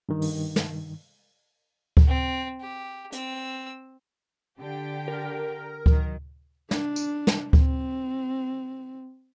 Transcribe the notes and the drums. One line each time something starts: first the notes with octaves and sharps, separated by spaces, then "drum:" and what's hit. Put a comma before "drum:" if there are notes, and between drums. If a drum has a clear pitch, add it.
G2 D#3
drum: open hi-hat
drum: snare
drum: kick D2
C4
G4
C4 E6, drum: hi-hat
D3 G4 G5
A#4
D#3 F#3, drum: kick D2
D4, drum: snare
drum: tambourine
drum: snare
C4, drum: kick D2